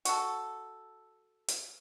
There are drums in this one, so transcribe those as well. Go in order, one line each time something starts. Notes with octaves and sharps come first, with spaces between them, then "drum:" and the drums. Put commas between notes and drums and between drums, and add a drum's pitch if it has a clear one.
F#4 A4, drum: hi-hat
drum: hi-hat